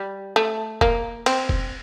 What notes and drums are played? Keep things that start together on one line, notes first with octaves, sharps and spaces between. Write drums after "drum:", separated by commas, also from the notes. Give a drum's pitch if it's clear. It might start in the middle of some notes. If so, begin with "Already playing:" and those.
Already playing: G3
A3
A#3, drum: kick F1
C4, drum: cymbal
drum: kick F1